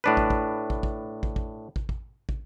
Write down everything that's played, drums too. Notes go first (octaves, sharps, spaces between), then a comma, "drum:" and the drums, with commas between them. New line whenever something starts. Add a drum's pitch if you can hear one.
A2 D4 B4
drum: kick
drum: kick
drum: kick
drum: kick
drum: kick
drum: kick
drum: kick
drum: kick
drum: kick